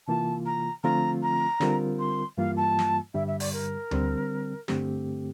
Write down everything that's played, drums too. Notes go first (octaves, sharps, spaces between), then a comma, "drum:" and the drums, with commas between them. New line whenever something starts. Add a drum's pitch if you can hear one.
C3 E3 A#3 F4 A5
A#5
D3 F3 A3 C4 F4 A#5
A#5
D3 G3 C4 F4 A#4, drum: snare
C6
G2 E3 G3 A#3 F4 F5
A5
drum: snare
G2 D3 G3 E5
E5
D5, drum: open hi-hat
A#4
D3 G3 C4, drum: tom D2
G2 D3 A3 C4 G4, drum: snare